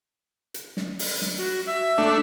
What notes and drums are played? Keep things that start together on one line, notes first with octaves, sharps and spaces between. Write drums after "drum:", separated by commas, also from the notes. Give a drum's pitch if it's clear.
drum: hi-hat
drum: snare
drum: open hi-hat
drum: snare
F#4
E5
A3 D4